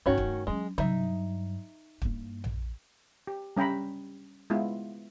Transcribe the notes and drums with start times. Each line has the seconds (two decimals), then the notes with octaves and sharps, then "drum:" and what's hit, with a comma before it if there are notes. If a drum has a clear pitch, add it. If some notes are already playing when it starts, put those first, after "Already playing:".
0.06 G2 D#3 A3 C#4 F#4
0.18 drum: kick
0.47 F#3 G#3 C#4
0.78 G2 F#3 D#4 E5, drum: tom
2.02 G2 A#3, drum: kick
2.44 drum: tom A#1
3.27 G4
3.57 G3 C#4 G5 A#5 B5
4.50 G#3 B3 E4 F4